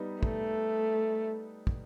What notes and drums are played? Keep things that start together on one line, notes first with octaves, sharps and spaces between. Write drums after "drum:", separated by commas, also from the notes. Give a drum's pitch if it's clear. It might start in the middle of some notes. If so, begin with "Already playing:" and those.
Already playing: G3 B3 D#4
A3, drum: kick
drum: kick